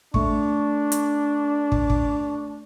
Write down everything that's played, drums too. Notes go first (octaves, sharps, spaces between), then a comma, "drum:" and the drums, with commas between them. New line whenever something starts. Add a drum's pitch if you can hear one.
A3 D4 C#6, drum: kick
drum: hi-hat
drum: kick
drum: kick